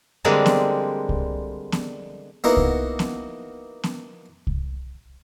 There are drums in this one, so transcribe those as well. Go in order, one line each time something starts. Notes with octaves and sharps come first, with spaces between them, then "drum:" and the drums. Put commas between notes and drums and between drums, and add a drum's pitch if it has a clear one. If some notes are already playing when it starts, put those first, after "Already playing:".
D3 G3 G#3 A#3 C4 D4
drum: snare B3
drum: kick C2
drum: snare B3
A#3 B3 D#4 E4 F#4
drum: kick C2
drum: snare B3
drum: snare B3
drum: kick C2